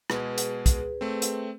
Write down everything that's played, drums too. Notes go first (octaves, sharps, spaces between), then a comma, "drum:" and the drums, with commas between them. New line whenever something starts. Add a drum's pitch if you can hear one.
B2 G#3 G#4 B4, drum: rim click
drum: hi-hat
drum: kick, hi-hat
A3 C4
drum: hi-hat